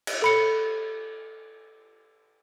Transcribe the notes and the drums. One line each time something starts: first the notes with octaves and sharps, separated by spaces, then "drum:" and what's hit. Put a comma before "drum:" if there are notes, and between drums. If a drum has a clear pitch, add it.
drum: cymbal
A4 B5 C#7